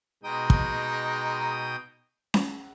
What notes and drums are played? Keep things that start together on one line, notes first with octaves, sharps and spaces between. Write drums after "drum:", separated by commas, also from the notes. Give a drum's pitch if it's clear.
B2 G#3 D#4 G5 D#6
drum: kick
drum: snare C#4